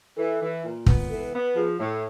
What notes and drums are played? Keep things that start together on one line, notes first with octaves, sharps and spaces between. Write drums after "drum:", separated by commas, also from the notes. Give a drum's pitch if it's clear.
E3 A4
E3
A#2
B3, drum: kick
E3 A4
B3
F3 G#4
A2